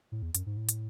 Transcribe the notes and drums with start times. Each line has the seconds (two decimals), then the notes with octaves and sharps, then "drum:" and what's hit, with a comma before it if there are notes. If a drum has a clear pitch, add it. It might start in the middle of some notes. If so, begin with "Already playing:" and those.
0.12 A2
0.22 E2
0.35 F#2, drum: hi-hat
0.46 G#2
0.57 A2
0.69 drum: hi-hat